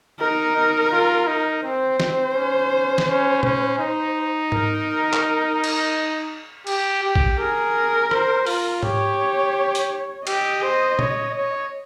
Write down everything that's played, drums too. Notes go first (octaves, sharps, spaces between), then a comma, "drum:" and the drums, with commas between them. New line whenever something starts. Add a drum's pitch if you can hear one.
D#4 A#4
D#4
F4
D#4
C4 C5
C4, drum: snare
C#4
drum: snare
C#4
C#4, drum: tom A#2
D#4
A#4, drum: tom G#2
drum: clap
drum: cymbal
G4, drum: cymbal
G4
drum: kick A#1
G#4 A#4
C5, drum: rim click
F4, drum: open hi-hat
G4 C#5, drum: tom G#2
drum: hi-hat
G4 D#5, drum: cymbal
C5
C#5, drum: tom A#2
C#5